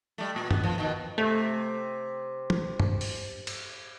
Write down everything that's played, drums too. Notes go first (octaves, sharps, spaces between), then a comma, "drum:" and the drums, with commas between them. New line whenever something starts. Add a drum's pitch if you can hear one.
G3 A3
A#2
B3, drum: tom G2
F3
B2 D#3
C3 A3
drum: tom
drum: tom G2
drum: open hi-hat
drum: cymbal